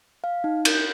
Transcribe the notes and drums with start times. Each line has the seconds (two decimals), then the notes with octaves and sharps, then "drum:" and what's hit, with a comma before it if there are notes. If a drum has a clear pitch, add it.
0.24 F5
0.44 D#4
0.65 G6, drum: cymbal